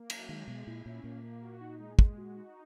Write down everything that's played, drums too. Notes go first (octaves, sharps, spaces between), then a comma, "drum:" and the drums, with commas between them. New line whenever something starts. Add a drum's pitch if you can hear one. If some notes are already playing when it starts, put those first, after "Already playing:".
Already playing: A#3
F#3, drum: cymbal
D#3 G#3
B2 G#3
A#2 E4
A#2 C#4
A#2 A#3
A#3
F#4
D#4
G#3
G#3, drum: kick
F#4
D#4